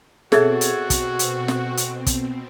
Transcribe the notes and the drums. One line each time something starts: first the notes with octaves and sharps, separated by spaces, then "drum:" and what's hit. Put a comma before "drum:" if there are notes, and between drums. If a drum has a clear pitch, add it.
B2 C4 F#4 G#4 A4 C#5 E5 G#6, drum: snare
drum: hi-hat
drum: kick, hi-hat
drum: hi-hat
drum: snare
drum: hi-hat
drum: kick, hi-hat